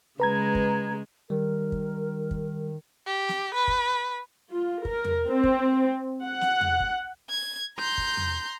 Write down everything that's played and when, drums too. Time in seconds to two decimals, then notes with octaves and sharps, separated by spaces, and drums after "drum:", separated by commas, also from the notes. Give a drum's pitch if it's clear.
0.20 C#3 G#3 B4 A#5 G#6
0.55 drum: kick
1.30 D#3 G3 A#4
1.72 drum: kick
2.31 drum: kick
3.07 G4
3.29 drum: snare
3.54 B4
3.68 drum: kick
4.52 F4
4.85 A#4, drum: kick
5.04 drum: tom E2
5.28 C4
5.44 drum: kick
6.24 F#5
6.41 drum: snare
6.61 drum: tom E2
6.80 drum: kick
7.29 G#6
7.78 A#5 C6 G6
7.98 drum: kick
8.17 drum: tom E2